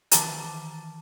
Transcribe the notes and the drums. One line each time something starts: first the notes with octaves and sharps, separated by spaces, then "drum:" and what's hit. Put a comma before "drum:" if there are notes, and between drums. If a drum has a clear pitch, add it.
D#3 E3 A5 A#5 D6 A6, drum: hi-hat